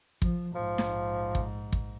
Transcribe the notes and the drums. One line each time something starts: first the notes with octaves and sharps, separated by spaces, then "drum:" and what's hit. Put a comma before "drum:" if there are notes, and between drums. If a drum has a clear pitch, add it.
F3, drum: kick
A#1 G#2 F3
drum: snare
drum: kick
drum: kick